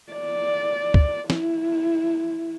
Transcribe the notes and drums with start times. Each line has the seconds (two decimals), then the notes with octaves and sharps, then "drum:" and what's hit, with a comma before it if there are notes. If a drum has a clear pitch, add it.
0.13 D5
0.94 drum: kick C#2
1.30 E4, drum: snare